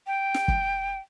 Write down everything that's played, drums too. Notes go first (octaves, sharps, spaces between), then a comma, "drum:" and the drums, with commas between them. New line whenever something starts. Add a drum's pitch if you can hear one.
G5
drum: snare
drum: kick